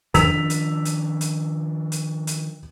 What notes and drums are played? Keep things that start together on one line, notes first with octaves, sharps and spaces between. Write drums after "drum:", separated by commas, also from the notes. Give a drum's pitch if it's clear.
D#3 F3 D4 E6 B6 F7, drum: hi-hat
drum: hi-hat
drum: hi-hat
drum: hi-hat
drum: hi-hat
drum: hi-hat